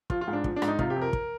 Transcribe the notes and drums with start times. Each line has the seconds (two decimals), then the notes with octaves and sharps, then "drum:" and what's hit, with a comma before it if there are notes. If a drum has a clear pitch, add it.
0.10 F3 F4, drum: kick
0.21 F4
0.28 G#2
0.33 D4
0.44 F3, drum: kick
0.56 D4
0.62 G#2, drum: rim click
0.68 D#4
0.79 C3 F4, drum: kick
0.90 G4
0.96 F2
1.02 A#4
1.13 drum: kick